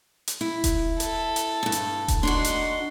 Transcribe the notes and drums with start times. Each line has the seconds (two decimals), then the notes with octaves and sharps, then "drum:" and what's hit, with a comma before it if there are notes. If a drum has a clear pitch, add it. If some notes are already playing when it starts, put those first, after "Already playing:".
0.27 drum: hi-hat
0.41 E4
0.64 drum: kick E1, hi-hat
1.00 A4, drum: hi-hat
1.36 drum: hi-hat
1.63 E2 G2
1.72 drum: hi-hat
2.08 drum: kick E1, hi-hat
2.23 D4 D#4 F#4 C6
2.44 drum: hi-hat